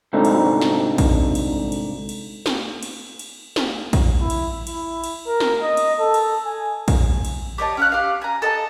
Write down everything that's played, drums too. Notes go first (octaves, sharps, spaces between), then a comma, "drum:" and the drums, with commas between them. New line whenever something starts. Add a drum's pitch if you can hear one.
C2 G#2 D3 C4 D#4
drum: cymbal
drum: snare
drum: kick A#1, cymbal
drum: cymbal
drum: cymbal
drum: cymbal
drum: snare
drum: cymbal
drum: cymbal
drum: snare
drum: kick A#1, cymbal
E4
drum: cymbal
E4, drum: cymbal
drum: cymbal
A#4
drum: snare
D#5
drum: cymbal
A4
drum: cymbal
G#5
drum: kick A#1, cymbal
drum: cymbal
G4 C#5 D#5 A5
C#4 F5 F#6
G4 F5
G#5 A#5
A4 D#5 A5